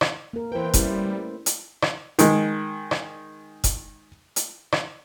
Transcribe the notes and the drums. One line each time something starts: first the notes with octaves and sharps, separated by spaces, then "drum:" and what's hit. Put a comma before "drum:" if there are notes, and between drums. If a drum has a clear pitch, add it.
drum: rim click
A#3 A#4
E3 B4 C5 G5
G3 C#4 E4, drum: kick F1, hi-hat
A3
drum: hi-hat
drum: rim click
D#3 G#3, drum: hi-hat
drum: rim click
drum: kick F1, hi-hat
drum: hi-hat
drum: rim click